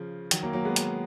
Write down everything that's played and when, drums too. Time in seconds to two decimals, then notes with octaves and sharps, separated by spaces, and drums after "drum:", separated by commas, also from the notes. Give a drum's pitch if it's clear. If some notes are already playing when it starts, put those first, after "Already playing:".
Already playing: C#3 F3
0.31 D#3 F#3, drum: hi-hat
0.43 F#3 A#3
0.53 F#3 A#3
0.65 G#3 B3
0.76 drum: hi-hat